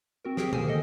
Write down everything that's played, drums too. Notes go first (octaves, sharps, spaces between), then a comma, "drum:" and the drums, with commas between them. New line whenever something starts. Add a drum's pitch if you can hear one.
C4 F#4 A#4
G4 G#4 A#4 G5 D#6, drum: snare
D3 D#3 A#3 C5 G#5 D#6, drum: tom B2
A4 D#5